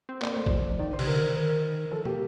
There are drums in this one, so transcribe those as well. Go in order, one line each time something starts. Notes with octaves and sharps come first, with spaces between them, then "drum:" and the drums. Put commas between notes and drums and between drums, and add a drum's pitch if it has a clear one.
C4
A#3 D5, drum: clap
A3 C5
F3 D5, drum: kick
D#3 D5
C5
C3, drum: cymbal
D3 A#4
D#3 C5
A#4
F3 A4
A#3 G4, drum: tom